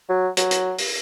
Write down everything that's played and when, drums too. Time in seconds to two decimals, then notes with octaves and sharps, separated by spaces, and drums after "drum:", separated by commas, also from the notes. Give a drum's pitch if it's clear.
0.09 F#3
0.37 F#3, drum: hi-hat
0.51 drum: hi-hat
0.78 drum: open hi-hat